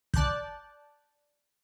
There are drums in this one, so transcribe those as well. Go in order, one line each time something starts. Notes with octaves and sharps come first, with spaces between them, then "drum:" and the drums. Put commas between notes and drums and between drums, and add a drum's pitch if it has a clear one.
D5 A5 D6 F#6 G6, drum: kick